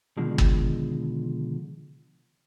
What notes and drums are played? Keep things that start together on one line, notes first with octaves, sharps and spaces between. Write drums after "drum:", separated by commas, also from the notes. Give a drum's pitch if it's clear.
B2 D3 D#3 F3 G#3
drum: kick